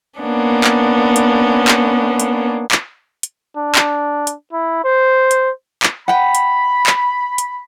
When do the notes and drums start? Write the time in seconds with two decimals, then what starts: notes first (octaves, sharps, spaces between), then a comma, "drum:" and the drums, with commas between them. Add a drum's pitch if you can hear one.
0.19 A#3 B3 C#4 D4
0.64 drum: clap
1.16 drum: hi-hat
1.68 drum: clap
2.20 drum: hi-hat
2.71 drum: clap
3.23 drum: hi-hat
3.57 D4
3.75 drum: clap
4.27 drum: hi-hat
4.53 E4
4.84 C5
5.31 drum: hi-hat
5.83 drum: clap
6.08 F#5 G5 B5
6.35 drum: hi-hat
6.86 drum: clap
7.38 drum: hi-hat